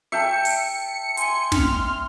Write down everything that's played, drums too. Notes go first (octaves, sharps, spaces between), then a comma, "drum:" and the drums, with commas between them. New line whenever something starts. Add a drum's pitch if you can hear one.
E5 G5 A5 C#7
drum: open hi-hat
G#5 C6, drum: hi-hat
F6, drum: snare